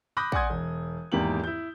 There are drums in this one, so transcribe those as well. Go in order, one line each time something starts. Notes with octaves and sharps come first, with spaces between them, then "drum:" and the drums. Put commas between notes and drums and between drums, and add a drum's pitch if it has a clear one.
B5 D6 D#6 F#6 G6 A#6
D5 F#5 G#5 C6 D#6 G#6, drum: kick
E1
E2 G#2 D#3 A#3 G4 F#7
E4 G6